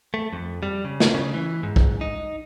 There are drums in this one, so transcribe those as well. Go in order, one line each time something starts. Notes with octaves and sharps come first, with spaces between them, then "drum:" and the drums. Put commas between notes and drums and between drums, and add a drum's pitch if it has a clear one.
A3
F2
G3
C#3
drum: snare
C#3
E3
G#2
drum: kick
D#4